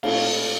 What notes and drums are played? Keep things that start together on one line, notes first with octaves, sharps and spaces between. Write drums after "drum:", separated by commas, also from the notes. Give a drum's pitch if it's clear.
A#2 A3 C4 F5, drum: cymbal